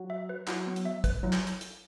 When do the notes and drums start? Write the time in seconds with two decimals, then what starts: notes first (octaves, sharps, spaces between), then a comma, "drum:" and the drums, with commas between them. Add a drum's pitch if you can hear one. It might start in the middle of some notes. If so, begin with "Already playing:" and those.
Already playing: F#3
0.10 E5
0.29 B4
0.47 F#3 E4, drum: clap
0.67 B3
0.76 drum: hi-hat
0.85 E5
1.04 B4, drum: kick, hi-hat
1.23 F#3 E4
1.33 drum: clap
1.47 drum: hi-hat
1.61 drum: hi-hat